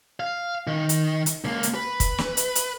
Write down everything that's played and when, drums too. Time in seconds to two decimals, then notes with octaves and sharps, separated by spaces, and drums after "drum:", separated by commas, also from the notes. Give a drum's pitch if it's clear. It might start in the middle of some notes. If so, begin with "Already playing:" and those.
0.20 F5
0.67 D#3
0.89 drum: hi-hat
1.26 drum: hi-hat
1.45 C#2 A#3
1.63 drum: hi-hat
1.75 B4
2.00 drum: kick, hi-hat
2.18 drum: snare
2.37 drum: hi-hat
2.55 drum: hi-hat